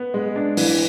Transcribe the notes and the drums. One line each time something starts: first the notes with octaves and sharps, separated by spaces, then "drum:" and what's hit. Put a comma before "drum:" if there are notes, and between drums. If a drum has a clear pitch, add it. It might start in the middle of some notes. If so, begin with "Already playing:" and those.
Already playing: B3
G#3
D4
E3, drum: open hi-hat